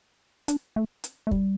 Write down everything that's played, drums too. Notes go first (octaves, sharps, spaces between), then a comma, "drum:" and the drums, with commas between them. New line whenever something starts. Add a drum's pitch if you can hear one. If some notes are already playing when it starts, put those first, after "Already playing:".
D4, drum: hi-hat
A3
drum: hi-hat
A3
G3, drum: kick